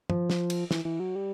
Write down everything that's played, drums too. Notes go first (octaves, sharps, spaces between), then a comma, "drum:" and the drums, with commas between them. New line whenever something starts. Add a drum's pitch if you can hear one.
F3, drum: tom
drum: snare
drum: cymbal
E3, drum: snare
E3
F#3
G3